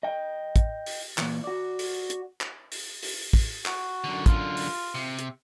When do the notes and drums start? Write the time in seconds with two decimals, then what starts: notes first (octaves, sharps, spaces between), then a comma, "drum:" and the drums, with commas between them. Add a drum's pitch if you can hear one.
0.03 D#5 G5
0.56 drum: kick, hi-hat
0.86 drum: open hi-hat
1.18 A#2 E3, drum: clap
1.44 F#4 D5
1.79 drum: open hi-hat
2.10 drum: hi-hat
2.41 drum: clap
2.72 drum: open hi-hat
3.03 drum: open hi-hat
3.33 drum: kick, open hi-hat
3.66 F#4, drum: clap
4.04 F#2 D3
4.26 F4, drum: kick, hi-hat
4.57 drum: open hi-hat
4.95 C3
5.19 drum: hi-hat